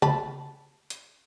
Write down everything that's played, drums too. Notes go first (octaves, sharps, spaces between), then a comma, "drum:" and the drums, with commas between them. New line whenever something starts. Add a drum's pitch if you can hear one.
A5 B5, drum: tom C#3
drum: hi-hat